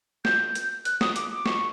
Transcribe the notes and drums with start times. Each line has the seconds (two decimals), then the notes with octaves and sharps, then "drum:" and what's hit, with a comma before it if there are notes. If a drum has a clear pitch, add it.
0.25 G6, drum: snare
0.55 drum: hi-hat
0.85 F#6, drum: hi-hat
1.01 D#6, drum: snare
1.16 D6, drum: hi-hat
1.32 D6
1.46 C#6, drum: snare